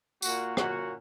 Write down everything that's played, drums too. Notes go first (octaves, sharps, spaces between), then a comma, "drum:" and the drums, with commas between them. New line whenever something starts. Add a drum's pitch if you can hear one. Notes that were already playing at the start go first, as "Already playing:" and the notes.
A#2 A#3 F#4, drum: tambourine
A#2 A#3 C#4 F#4, drum: rim click